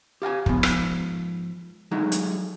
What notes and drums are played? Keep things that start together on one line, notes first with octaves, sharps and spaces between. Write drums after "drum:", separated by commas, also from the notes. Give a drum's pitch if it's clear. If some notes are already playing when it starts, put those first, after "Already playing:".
G4 F5 F#5 G#5
G#2 F3 B3, drum: kick
drum: rim click
F#3 G#3 A3 D#4 E4
drum: hi-hat